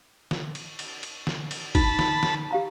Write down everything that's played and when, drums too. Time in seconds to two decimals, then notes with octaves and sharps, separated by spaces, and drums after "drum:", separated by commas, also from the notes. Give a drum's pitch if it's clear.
0.31 drum: snare
0.55 drum: cymbal
0.79 drum: cymbal
1.03 drum: cymbal
1.27 drum: snare
1.51 drum: cymbal
1.75 D#4 A5 B5, drum: kick, cymbal
1.99 drum: snare
2.23 drum: snare
2.51 G4 F5 A#5